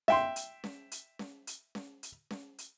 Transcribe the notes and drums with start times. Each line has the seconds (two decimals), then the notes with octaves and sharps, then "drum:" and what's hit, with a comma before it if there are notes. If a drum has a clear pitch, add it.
0.08 E5 G5 C6, drum: snare C#4
0.36 drum: hi-hat
0.64 drum: snare C#4
0.92 drum: hi-hat
1.19 drum: snare C#4
1.47 drum: hi-hat
1.75 drum: snare C#4
2.03 drum: hi-hat
2.31 drum: snare C#4
2.58 drum: hi-hat